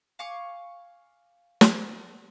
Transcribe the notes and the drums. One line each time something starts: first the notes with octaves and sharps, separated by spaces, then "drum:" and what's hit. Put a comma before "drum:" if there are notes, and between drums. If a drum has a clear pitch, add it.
F5 G#5 C#6 D6
drum: snare